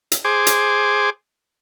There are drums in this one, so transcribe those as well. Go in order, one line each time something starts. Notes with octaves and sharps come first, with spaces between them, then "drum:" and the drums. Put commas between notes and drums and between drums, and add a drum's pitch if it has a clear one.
drum: hi-hat
G#4 C5 D6
drum: hi-hat